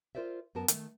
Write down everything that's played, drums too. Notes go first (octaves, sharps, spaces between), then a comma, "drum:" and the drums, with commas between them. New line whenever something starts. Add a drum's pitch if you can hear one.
F4 A#4 C5 D5 E5
F#2 B3 A#4 A5
D#3 A3, drum: hi-hat